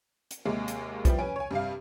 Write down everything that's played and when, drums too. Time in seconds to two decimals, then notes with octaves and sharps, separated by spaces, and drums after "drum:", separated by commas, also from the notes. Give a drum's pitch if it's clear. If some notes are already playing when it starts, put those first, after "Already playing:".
0.31 drum: hi-hat
0.45 D#2 C3 G#3 A#3
0.68 drum: hi-hat
1.05 F3 G3 B3 E4 G4, drum: kick B1, hi-hat
1.19 C#4 B4 G#5 D7
1.36 C#5 G#5
1.51 G2 C3 F5